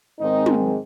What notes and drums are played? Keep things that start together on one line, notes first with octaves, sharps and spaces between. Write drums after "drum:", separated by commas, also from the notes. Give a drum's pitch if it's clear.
G#2 D#3 G#3 C4 D#4
drum: tom